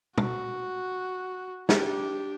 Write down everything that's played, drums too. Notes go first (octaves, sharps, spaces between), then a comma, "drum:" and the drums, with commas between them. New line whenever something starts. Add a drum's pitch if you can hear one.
F#4, drum: tom
D4 G4, drum: snare